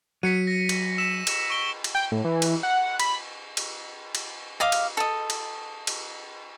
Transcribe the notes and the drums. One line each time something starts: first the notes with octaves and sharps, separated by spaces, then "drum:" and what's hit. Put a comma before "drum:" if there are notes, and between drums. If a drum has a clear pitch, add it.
F#3 B6 C#7 D#7
A#6
drum: cymbal
E6 B6 E7
drum: cymbal
C#6 D7 G7
drum: cymbal
G5
A2
E3
drum: cymbal
F#5
B5, drum: cymbal
drum: cymbal
drum: cymbal
D#5 F5 D6
drum: cymbal
A4 D#5
drum: cymbal
drum: cymbal